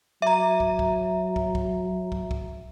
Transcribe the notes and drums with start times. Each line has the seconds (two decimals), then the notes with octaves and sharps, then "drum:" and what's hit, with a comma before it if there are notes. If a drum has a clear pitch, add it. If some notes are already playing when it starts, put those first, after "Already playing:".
0.22 F#3 E5 A#5
0.60 drum: kick
0.79 drum: kick
1.36 drum: kick
1.55 drum: kick
2.12 drum: kick
2.31 drum: kick